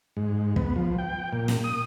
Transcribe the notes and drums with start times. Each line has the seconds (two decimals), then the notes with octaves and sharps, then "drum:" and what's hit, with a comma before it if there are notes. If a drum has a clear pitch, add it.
0.17 G#2
0.56 B3, drum: kick
0.76 F3
0.98 G5
1.33 A#2
1.48 drum: snare
1.64 D#6